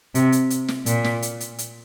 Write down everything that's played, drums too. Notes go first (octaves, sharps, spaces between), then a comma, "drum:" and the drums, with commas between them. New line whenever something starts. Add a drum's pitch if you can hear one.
C3, drum: hi-hat
drum: hi-hat
drum: hi-hat
drum: snare
A#2, drum: hi-hat
drum: snare
drum: hi-hat
drum: hi-hat
drum: hi-hat